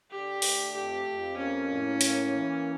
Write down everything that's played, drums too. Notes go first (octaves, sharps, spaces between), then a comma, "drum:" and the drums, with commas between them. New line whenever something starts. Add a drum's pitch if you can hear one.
D3 G4
A3, drum: open hi-hat
F2 G4
F2
A#3 C#4
A2
A#3, drum: hi-hat
E3